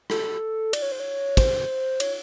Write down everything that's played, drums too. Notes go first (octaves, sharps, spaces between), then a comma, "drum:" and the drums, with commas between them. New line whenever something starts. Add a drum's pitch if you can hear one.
A4, drum: rim click
D5, drum: cymbal
C#5
C5
C#5
C5, drum: kick, cymbal
C#5, drum: cymbal